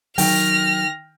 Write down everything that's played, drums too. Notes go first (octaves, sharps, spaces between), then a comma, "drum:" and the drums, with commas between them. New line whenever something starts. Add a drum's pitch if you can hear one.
D#3 F#3 G5 F6 A#6, drum: open hi-hat